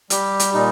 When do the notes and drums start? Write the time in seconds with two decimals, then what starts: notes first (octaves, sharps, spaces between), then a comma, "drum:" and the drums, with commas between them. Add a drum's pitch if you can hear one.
0.10 G3 G4, drum: hi-hat
0.40 drum: hi-hat
0.54 A#2 D#4